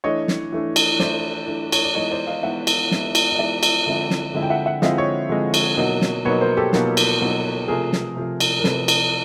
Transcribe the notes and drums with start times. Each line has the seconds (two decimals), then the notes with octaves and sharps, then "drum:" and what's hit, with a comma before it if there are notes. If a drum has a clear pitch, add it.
0.04 E3 A3 D4 C#5 D#5
0.28 drum: snare
0.52 E3 A3 D4
0.76 drum: cymbal
0.99 E3 A3 D4 C5 D5, drum: snare
1.47 E3 A3 D4
1.72 C#5, drum: cymbal
1.84 D5
1.95 E3 G#3 B3 D#4 C#5 D#5
2.11 C5 D5
2.27 D#5 F5
2.43 E3 G#3 B3 D#4 E5 F#5
2.67 drum: cymbal
2.91 E3 G#3 B3 D#4, drum: snare
3.15 drum: cymbal
3.30 D#5
3.38 E3 G#3 B3 D#4 D5 E5
3.63 drum: cymbal
3.86 D3 F3 G#3 C4 E4
4.10 drum: snare
4.34 D3 F3 G#3 C4 E4
4.43 G5
4.50 E5 F#5
4.66 E5 F#5
4.82 D3 F3 G#3 C4 E4 D#5 F5, drum: snare
4.98 C#5 D#5
5.29 D3 F3 G#3 C4 E4
5.54 drum: cymbal
5.77 B2 F#3 A#3 D#4
6.02 drum: snare
6.25 B2 F#3 A#3 D#4 B4 C#5
6.41 A#4 C5
6.57 G4 A4
6.73 B2 F#3 A#3 D#4 F4, drum: snare
6.97 drum: cymbal
7.21 B2 F#3 A#3 D#4
7.68 C3 F3 A3 G#4 A#4
7.93 drum: snare
8.16 C3 F3 A3
8.40 drum: cymbal
8.59 A#4
8.64 C3 F3 A3 A4 B4, drum: snare
8.88 drum: cymbal